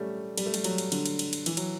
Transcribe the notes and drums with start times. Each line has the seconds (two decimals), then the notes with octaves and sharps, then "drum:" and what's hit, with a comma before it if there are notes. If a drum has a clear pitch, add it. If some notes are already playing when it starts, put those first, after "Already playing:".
Already playing: G3 A3 C#4
0.37 G3, drum: cymbal
0.46 A3
0.54 G3, drum: cymbal
0.64 F#3, drum: cymbal
0.78 drum: cymbal
0.92 D3, drum: cymbal
1.06 drum: cymbal
1.19 drum: cymbal
1.33 drum: cymbal
1.46 E3, drum: cymbal
1.57 F#3, drum: cymbal